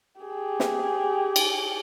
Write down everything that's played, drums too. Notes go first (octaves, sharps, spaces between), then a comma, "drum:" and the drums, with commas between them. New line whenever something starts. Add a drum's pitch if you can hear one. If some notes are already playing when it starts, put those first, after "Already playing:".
G4 G#4
drum: snare
drum: cymbal